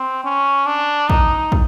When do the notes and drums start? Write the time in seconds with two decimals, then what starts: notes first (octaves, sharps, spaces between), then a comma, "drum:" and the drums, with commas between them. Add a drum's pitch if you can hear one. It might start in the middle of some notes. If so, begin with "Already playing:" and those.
Already playing: C4
0.24 C#4
0.66 D4
1.10 D#4, drum: kick
1.52 drum: kick